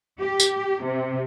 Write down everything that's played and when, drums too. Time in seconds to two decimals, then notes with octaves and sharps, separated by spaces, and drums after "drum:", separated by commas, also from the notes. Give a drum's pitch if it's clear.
0.21 G4
0.40 drum: tambourine
0.83 C3